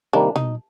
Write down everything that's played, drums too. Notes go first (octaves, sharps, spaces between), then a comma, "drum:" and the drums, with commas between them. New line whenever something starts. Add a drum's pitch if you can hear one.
C3 D#3 G3 A#3 D4
D#4, drum: tom